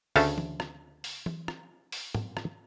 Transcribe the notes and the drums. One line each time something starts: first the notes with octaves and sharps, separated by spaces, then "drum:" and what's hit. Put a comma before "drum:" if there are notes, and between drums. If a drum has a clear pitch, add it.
D2 C#3 A3 C#4 F5 A5, drum: open hi-hat
drum: tom E3
drum: rim click
drum: open hi-hat
drum: tom E3
drum: rim click
drum: open hi-hat
drum: tom
drum: rim click